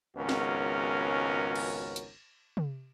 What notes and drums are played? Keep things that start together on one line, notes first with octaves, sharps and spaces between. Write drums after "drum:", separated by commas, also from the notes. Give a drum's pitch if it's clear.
G#1 C#2 B3 C#4 F#4 A#4
drum: snare
drum: cymbal
drum: hi-hat
drum: tom